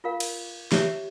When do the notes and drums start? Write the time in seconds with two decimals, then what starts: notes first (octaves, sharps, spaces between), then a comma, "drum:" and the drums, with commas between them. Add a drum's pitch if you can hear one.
0.04 F4 A#4 F5
0.20 drum: cymbal
0.72 G4 C#5 E5, drum: snare